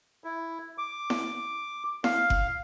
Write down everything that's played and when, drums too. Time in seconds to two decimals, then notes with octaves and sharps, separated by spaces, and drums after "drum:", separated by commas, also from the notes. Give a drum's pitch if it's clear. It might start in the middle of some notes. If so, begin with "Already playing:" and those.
0.24 E4
0.78 D6
1.10 drum: snare E4
2.04 F5, drum: snare E4
2.30 drum: kick F#1